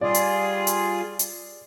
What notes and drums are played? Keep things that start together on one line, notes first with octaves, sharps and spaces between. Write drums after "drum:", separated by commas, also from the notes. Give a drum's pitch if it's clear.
G3 F4 G#4 D5
drum: hi-hat
drum: hi-hat
drum: hi-hat